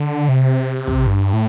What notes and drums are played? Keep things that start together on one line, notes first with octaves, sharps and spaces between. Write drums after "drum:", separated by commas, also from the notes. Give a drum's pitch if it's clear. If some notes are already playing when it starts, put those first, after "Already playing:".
Already playing: D3
C3
drum: kick
G2
A2